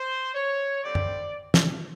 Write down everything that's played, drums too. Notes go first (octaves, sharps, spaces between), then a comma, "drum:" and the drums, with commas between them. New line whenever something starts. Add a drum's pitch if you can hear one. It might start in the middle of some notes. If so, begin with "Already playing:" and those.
Already playing: C5
C#5
D3 G3 C4 D5
drum: tom F#2
drum: snare